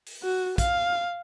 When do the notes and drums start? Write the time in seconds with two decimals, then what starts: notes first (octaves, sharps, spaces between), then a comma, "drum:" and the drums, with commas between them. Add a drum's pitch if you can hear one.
0.07 drum: open hi-hat
0.23 F#4
0.58 F5, drum: kick, hi-hat